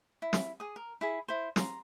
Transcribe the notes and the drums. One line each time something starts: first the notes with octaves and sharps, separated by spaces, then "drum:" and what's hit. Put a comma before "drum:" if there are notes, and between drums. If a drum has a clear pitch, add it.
E4
drum: snare
G#4 D#6
A#4
E4 G#4 B5
E4 C5
A#5 C6, drum: snare